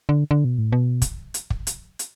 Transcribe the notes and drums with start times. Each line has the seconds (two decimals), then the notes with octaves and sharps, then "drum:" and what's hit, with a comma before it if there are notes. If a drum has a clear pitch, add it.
0.09 D3
0.31 D3
0.45 B2
0.59 A2
0.72 B2
1.02 drum: kick, hi-hat
1.34 drum: hi-hat
1.50 drum: kick
1.67 drum: hi-hat
1.99 drum: hi-hat